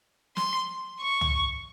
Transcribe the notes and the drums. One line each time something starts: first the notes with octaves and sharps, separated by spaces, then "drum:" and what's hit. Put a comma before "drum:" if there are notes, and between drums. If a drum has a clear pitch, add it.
C6, drum: snare
C#6
drum: tom